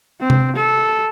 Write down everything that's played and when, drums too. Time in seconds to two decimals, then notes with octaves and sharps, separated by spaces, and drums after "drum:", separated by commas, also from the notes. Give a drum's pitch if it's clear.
0.21 C4
0.30 drum: tom C3
0.56 A4